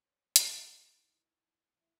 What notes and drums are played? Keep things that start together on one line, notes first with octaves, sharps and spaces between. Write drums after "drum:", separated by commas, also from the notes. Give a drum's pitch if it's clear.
C#4 C5 D5
drum: hi-hat
D#4 E4
F3 E4